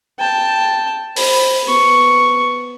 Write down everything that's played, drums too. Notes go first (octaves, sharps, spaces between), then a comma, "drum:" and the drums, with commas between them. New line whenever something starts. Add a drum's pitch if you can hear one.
G5 A5
C5 B5, drum: open hi-hat
B3 C#6